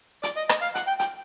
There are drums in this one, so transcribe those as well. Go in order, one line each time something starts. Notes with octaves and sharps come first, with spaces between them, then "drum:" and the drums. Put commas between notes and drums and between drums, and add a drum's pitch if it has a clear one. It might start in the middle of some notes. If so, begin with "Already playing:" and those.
D5, drum: hi-hat
D#5
D#5, drum: rim click
F5
F#5, drum: hi-hat
G5
G5, drum: hi-hat